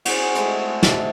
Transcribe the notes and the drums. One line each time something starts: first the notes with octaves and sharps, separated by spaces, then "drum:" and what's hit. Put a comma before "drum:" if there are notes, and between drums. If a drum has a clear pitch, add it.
F#4 G#4 C5, drum: cymbal
G#3 A3 D#4, drum: hi-hat
D#5 E5 A5, drum: snare